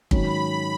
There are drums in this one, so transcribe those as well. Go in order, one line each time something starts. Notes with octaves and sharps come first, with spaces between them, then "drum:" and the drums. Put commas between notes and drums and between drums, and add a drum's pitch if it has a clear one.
G#2 D#3 F#3 C#4 B5, drum: kick